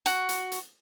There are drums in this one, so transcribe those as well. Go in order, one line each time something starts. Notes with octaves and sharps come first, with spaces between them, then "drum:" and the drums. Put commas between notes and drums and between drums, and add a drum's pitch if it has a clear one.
F#4, drum: hi-hat
drum: hi-hat
drum: hi-hat